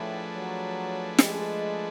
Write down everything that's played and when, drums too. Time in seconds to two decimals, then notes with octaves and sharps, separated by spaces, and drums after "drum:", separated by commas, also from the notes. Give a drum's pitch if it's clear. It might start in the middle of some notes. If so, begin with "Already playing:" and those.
Already playing: A2 F3 A3 D4 G#4 B4
0.34 F#3
1.18 G#3, drum: snare